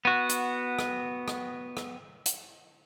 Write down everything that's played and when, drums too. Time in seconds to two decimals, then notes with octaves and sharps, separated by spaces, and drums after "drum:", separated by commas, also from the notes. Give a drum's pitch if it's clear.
0.05 B3 F#4
0.30 drum: hi-hat
0.79 drum: rim click
1.28 drum: rim click
1.77 drum: rim click
2.26 drum: hi-hat